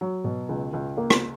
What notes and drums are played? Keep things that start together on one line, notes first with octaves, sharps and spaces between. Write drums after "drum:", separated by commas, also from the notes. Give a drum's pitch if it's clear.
F#3
B2
C#2
C#2
A#3
drum: rim click